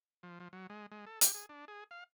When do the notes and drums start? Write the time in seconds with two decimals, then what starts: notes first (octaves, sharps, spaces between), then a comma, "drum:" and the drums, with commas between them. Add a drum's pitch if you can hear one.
0.23 F3
0.40 F3
0.53 F#3
0.70 G#3
0.92 G#3
1.06 A4
1.21 G4, drum: hi-hat
1.34 G#4
1.49 D4
1.68 G#4
1.91 F5